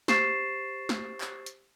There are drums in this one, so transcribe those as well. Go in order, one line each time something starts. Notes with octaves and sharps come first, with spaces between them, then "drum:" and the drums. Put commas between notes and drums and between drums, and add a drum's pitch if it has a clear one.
G4 C5 C#6 A6 C7 E7, drum: snare
drum: snare
drum: clap
drum: hi-hat